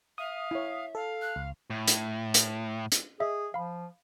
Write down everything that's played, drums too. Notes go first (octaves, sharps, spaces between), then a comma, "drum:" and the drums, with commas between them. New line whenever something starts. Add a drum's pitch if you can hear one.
E5 F5 D#6
E4 C#5
A4 F5
F#6
C#2
A2
drum: hi-hat
drum: hi-hat
drum: hi-hat
G#4 D#5 E5
F3 F5 B5